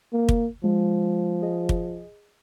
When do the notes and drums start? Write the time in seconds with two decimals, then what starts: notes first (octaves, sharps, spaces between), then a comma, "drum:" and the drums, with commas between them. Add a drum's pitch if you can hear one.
0.13 A#3
0.29 drum: kick
0.64 F3 G#3
1.42 G#4 D#5
1.69 drum: kick